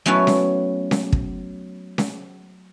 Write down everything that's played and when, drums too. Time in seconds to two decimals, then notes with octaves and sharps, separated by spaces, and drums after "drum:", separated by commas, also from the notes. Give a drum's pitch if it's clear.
0.06 F#3 A3 B3 C#4 E4 F#5
0.27 drum: snare C#4
0.91 drum: snare C#4
1.12 drum: kick
1.98 drum: snare C#4